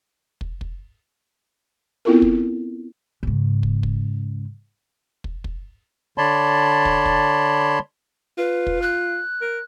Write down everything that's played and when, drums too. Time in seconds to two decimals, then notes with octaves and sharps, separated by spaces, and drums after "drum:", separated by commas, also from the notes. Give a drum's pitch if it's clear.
0.41 drum: kick
0.61 drum: kick
2.05 B3 C4 E4 F4 A4 A#4
2.22 drum: kick
3.23 G#2 C#3
3.63 drum: kick
3.83 drum: kick
5.24 drum: kick
5.44 drum: kick
6.18 D3 C#5 D5 A5 B5 C6
6.85 drum: kick
7.05 drum: kick
8.38 F4 B4
8.67 drum: kick
8.82 F#6
9.41 A#4